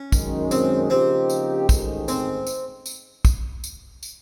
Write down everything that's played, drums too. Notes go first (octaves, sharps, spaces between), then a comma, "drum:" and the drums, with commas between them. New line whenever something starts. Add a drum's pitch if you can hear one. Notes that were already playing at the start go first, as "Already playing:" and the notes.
Already playing: C#4
F#2 D#3 G#3, drum: kick, tambourine
C4, drum: tambourine
C#3 F3 A#3 C4 D#4 G4
drum: tambourine
A1 G#2 D#3 G#3, drum: kick, tambourine
C4, drum: tambourine
drum: tambourine
drum: tambourine
drum: kick, tambourine
drum: tambourine
drum: tambourine